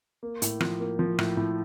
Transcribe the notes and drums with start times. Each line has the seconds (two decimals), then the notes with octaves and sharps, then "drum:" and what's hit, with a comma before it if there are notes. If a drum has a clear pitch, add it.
0.23 A#3
0.42 A2, drum: hi-hat
0.60 F3, drum: rim click
0.80 A#3
0.99 F3
1.19 A2, drum: rim click
1.37 A2